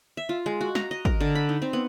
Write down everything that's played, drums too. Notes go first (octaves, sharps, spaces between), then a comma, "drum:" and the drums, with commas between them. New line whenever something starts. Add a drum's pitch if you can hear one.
E5
F4
G#3
F#4
A#5, drum: snare
D#5
A#4, drum: kick
D3
B5
D#4
C4
B3